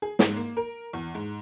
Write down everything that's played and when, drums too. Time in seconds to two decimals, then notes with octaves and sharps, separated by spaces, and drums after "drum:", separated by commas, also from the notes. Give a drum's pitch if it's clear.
0.02 G#4
0.19 G#2, drum: snare
0.36 A#3
0.57 A#4
0.93 E2
1.15 G#2